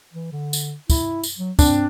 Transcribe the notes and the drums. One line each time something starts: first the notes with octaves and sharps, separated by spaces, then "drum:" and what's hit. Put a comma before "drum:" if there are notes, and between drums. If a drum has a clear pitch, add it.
E3
D3
drum: tambourine
E4, drum: kick, tambourine
drum: tambourine
F#3
C4 D4, drum: kick, tambourine